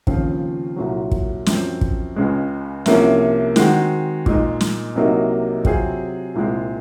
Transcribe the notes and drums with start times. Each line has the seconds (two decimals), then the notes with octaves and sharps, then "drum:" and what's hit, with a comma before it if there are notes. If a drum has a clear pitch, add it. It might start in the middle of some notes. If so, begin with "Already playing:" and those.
0.07 D#2 C#3 F3 C4 F4, drum: kick
0.76 C2 A#2 F#3
1.11 drum: kick
1.46 F#2 F3 C4, drum: snare
1.81 drum: kick
2.16 C#2 C#3 G#3
2.86 C2 C3 F3 A#3 C#4, drum: snare
3.56 D#3 G#3 C4 F#4, drum: snare
4.26 A#2 G#3 D#4, drum: kick
4.61 drum: snare
4.95 C2 C3 F#3 A#3 D#4
5.65 C3 F#3 C4 F4 G#4, drum: kick
6.35 C2 A#2 G#3 C4